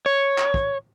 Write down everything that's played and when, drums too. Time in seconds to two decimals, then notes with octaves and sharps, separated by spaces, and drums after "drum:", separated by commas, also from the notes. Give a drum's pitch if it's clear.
0.06 C#5
0.38 drum: clap
0.54 drum: kick